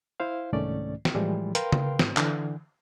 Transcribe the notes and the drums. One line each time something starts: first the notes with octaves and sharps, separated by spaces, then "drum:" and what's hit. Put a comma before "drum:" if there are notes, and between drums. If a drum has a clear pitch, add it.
E4 C5 F5
C2 G#2 D#3 A3 C#4 D5
drum: snare
A2 E3 F3 G3 G#3
A#4 B4 F5 G5 C6, drum: hi-hat
drum: tom C#3
G#2, drum: snare
D3 E3, drum: clap